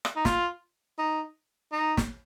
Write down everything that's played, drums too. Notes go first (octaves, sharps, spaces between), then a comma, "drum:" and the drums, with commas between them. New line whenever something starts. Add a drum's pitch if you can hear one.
drum: rim click
D#4
F4, drum: snare
D#4
D#4
drum: snare